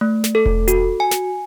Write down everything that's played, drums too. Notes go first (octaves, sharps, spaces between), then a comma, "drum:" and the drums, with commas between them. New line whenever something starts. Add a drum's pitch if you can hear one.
A3
drum: snare
A4
drum: kick E1
F#4, drum: hi-hat
G#5
drum: snare